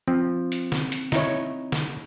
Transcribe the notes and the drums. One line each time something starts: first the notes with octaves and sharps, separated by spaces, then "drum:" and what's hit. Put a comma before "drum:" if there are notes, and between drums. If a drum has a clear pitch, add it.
F3 C4
drum: hi-hat
drum: snare
drum: hi-hat
D#4 E4 C#5, drum: snare
drum: snare